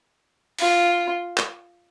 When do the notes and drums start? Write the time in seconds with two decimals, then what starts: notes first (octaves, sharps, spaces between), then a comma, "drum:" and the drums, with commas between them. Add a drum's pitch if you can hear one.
0.59 F4, drum: open hi-hat
1.37 drum: clap